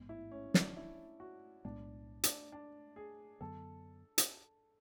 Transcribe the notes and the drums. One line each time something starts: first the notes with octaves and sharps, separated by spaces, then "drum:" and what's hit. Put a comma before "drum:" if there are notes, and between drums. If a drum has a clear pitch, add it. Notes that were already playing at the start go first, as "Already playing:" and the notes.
Already playing: A1 G#2 G#3 B3
E4
C#4
D4, drum: snare
E4
F#4
B1 A2 G#3 B3 D4
D4, drum: hi-hat
D4
G#4
F#2 D3 F#3 B3 A4
drum: hi-hat